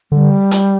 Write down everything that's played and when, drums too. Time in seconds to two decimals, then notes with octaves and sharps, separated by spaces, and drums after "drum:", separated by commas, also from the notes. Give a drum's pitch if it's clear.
0.12 D3 G3
0.51 drum: hi-hat